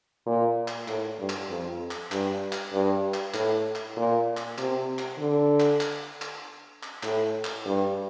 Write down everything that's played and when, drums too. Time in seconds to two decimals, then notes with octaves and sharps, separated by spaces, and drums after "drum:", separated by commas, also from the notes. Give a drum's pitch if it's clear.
0.26 A#2
0.68 drum: clap
0.88 A2, drum: clap
1.19 G2
1.29 drum: clap
1.50 F2
1.91 drum: clap
2.12 G2, drum: clap
2.52 drum: clap
2.73 G2
3.14 drum: clap
3.34 A2, drum: clap
3.75 drum: clap
3.97 A#2
4.37 drum: clap
4.58 C3, drum: clap
4.99 drum: clap
5.19 D3
5.60 drum: clap
5.81 drum: clap
6.22 drum: clap
6.83 drum: clap
7.03 A2, drum: clap
7.45 drum: clap
7.66 G2